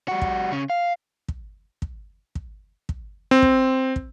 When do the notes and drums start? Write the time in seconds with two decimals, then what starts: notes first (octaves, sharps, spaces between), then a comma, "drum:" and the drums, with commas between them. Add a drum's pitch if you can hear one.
0.08 G3 F#4
0.22 drum: kick
0.52 C#3 C#4
0.70 F5
1.28 drum: kick
1.82 drum: kick
2.35 drum: kick
2.89 drum: kick
3.31 C4
3.42 drum: kick
3.96 drum: kick